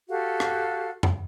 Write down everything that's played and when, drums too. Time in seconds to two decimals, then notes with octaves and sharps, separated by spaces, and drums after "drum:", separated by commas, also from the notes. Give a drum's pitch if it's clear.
0.09 F#4 G4 A4 F5
0.40 drum: rim click
1.03 drum: tom F2